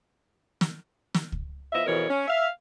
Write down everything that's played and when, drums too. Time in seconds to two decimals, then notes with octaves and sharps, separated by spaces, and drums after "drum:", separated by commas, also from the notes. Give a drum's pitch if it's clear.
0.61 drum: snare
1.14 drum: snare
1.32 drum: kick C#2
1.72 F3 B3 D#5 E5
1.86 F2 B2 E3 A#4 C#5
2.09 C#4
2.27 E5 F5